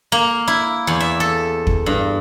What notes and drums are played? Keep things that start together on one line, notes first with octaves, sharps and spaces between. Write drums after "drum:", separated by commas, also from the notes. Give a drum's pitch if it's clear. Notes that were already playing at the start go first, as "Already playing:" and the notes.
A#3
E4
E2
E5
A4
drum: kick
G2